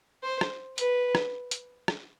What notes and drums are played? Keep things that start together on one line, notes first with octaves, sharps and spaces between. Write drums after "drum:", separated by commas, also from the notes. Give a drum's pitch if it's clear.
C5
drum: rim click
B4, drum: hi-hat
drum: rim click
drum: hi-hat
drum: rim click